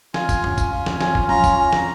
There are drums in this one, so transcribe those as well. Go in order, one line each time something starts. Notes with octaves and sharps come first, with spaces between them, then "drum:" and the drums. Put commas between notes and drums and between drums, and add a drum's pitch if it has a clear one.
F4 G#5, drum: snare
drum: kick, tambourine
C#4, drum: tom F2
drum: kick, tambourine
F4
drum: snare
C#4, drum: snare
drum: kick
F4 A#5, drum: tom F3
drum: kick, tambourine
C#4
drum: snare